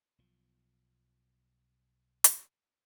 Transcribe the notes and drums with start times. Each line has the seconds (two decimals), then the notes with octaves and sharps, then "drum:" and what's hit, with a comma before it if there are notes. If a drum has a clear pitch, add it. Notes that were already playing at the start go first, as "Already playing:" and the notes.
0.18 B1 F3
2.24 drum: hi-hat